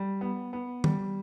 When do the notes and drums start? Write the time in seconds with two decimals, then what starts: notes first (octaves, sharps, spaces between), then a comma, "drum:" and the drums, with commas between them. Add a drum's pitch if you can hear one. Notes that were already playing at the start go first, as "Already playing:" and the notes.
Already playing: G3
0.21 B3
0.53 B3
0.84 G3, drum: tom